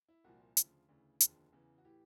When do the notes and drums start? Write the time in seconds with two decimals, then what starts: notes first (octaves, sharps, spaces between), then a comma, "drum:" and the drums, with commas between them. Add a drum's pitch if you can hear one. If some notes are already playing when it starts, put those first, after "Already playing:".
0.09 E4
0.24 C2 A#2 F3 F#4
0.57 D2 C#3 F3, drum: hi-hat
0.89 D2 C#3 E3
1.20 F1 D#2 D3 F3 G#4, drum: hi-hat
1.52 E2 C#3 E3
1.78 F#4
1.84 A2 E3 G4